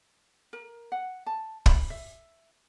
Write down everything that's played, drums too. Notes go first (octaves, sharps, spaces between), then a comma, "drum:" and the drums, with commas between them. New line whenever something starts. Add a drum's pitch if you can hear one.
A#4
F#5
A5
B5, drum: kick
E5